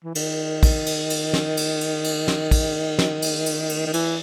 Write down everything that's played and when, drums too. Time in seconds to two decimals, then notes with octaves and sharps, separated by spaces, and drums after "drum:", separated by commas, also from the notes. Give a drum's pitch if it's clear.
0.04 E3
0.15 D#3, drum: cymbal
0.63 drum: kick, cymbal
0.86 drum: cymbal
1.10 drum: cymbal
1.33 drum: snare
1.57 drum: cymbal
1.81 drum: cymbal
2.04 drum: cymbal
2.28 drum: snare
2.51 drum: kick, cymbal
2.99 drum: snare
3.22 drum: cymbal
3.46 drum: cymbal
3.69 drum: cymbal
3.87 D#3
3.93 E3, drum: cymbal